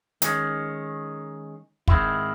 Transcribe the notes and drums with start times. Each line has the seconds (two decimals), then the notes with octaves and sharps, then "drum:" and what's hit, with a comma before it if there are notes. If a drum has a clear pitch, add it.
0.22 D#3 G#3 C#4, drum: hi-hat
1.88 G#2 D#3 G#3 C4 E4, drum: kick